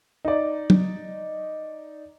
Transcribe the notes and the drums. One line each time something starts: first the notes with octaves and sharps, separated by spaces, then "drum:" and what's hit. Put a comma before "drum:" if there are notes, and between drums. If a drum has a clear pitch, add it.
D#4 D5
drum: tom